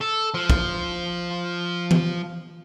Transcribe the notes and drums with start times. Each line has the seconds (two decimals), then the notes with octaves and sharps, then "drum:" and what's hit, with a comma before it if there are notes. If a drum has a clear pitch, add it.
0.01 A4
0.34 F3
0.50 drum: kick
1.91 drum: tom E3